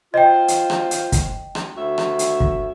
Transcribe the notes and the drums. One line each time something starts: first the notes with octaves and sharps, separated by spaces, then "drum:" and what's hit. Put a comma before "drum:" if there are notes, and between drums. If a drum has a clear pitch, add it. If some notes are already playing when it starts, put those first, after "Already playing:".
F4 C5 D#5 G5
drum: hi-hat
drum: rim click
drum: hi-hat
drum: kick, hi-hat
drum: rim click
D2 F#4 E5
drum: rim click
drum: hi-hat
drum: kick